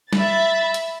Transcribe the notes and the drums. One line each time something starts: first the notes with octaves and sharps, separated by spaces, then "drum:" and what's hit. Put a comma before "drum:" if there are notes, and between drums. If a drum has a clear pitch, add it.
E5 B5 A6, drum: snare
drum: hi-hat